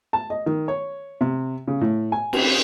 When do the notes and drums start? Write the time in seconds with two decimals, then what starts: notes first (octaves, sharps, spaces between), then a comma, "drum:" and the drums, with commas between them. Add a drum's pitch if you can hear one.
0.13 A5
0.30 D#5
0.46 D#3
0.68 C#5
1.21 C3
1.68 C#3
1.81 A2
2.12 G#5
2.33 C4, drum: cymbal